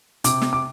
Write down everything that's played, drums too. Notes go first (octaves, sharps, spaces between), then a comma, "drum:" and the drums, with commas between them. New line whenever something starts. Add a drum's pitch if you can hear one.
C3 D6, drum: hi-hat
drum: snare
D6